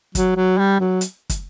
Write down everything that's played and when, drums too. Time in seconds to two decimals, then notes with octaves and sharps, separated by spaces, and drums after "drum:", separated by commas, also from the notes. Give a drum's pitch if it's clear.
0.15 F#3, drum: kick, hi-hat
0.36 F#3
0.58 G3
0.80 F#3
1.01 drum: hi-hat
1.30 drum: kick, hi-hat